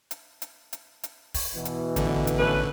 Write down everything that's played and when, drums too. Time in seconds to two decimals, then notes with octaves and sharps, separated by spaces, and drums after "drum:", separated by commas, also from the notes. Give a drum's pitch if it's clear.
0.11 drum: hi-hat
0.42 drum: hi-hat
0.73 drum: hi-hat
1.03 drum: hi-hat
1.34 drum: kick, open hi-hat
1.55 B2 E3
1.65 drum: hi-hat
1.96 A1 D3, drum: hi-hat
2.27 drum: hi-hat
2.38 A3 C#4 B4